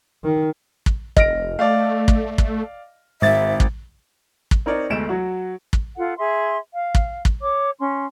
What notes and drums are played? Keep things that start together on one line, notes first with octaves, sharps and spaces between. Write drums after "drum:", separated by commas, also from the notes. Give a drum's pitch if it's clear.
D#3
drum: kick
F1 D#5 F6 A#6 D7, drum: kick
A3 D5 F5
drum: kick
drum: kick
G#1 G#2 E5 A6
drum: kick
drum: kick
C4 D#4 A#4 C#5 D5
G1 D2 G#3 A3 D7 E7
F#3 F#4
drum: kick
F4 A4 F#5
G#4 E5 C6
F5
drum: kick
drum: kick
C#5 D6
C#4 C6